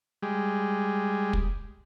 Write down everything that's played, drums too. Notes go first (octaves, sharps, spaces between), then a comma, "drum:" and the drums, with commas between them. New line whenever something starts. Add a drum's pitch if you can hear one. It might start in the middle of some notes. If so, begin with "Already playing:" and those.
G3 G#3
drum: kick